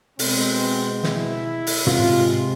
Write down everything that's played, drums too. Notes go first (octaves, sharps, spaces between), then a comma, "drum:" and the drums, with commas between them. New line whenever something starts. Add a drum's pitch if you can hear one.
B2 G#3 C4, drum: open hi-hat
E4, drum: snare
drum: open hi-hat
C3 G#3 F4, drum: tom